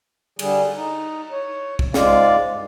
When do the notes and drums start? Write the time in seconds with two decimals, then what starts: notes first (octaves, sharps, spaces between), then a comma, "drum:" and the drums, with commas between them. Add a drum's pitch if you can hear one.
0.39 D3 G3 G#4, drum: cymbal
0.75 D#4
1.32 C#5
1.79 drum: kick
1.94 G#2 G#3 F4 D5 F5, drum: snare
2.50 G2